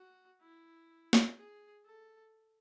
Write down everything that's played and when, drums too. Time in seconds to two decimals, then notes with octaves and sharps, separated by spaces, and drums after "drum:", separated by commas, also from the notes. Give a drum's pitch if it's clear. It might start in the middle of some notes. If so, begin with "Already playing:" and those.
Already playing: F#4
0.41 E4
1.13 drum: snare
1.37 G#4
1.85 A4